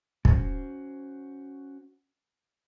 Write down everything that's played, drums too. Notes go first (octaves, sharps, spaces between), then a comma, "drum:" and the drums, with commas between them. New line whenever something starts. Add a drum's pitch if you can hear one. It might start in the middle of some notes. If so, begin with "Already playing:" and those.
C#4 F#4 C5, drum: kick